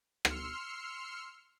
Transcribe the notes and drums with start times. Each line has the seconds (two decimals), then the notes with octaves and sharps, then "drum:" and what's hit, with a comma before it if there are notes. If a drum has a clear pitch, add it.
0.25 C6 E6 F6 C7 C#7, drum: rim click